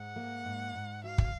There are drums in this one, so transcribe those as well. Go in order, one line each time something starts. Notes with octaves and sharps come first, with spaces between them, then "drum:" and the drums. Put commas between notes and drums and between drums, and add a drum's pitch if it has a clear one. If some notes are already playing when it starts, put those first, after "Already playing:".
Already playing: G#2 F#5
A#3
G#2
G#2
F#4 F5
drum: kick